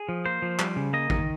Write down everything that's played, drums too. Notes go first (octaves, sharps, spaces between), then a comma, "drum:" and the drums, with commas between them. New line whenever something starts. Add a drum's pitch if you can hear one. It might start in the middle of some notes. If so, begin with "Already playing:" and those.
Already playing: G#4
F3
A#3 C5
F3
G3, drum: clap
C#3
A#3 D#5
D#3, drum: kick A1